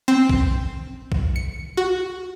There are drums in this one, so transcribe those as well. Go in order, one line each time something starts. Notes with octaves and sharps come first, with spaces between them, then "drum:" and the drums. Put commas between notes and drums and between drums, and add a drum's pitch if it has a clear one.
C4
drum: kick B1
drum: kick B1
C#7
F#4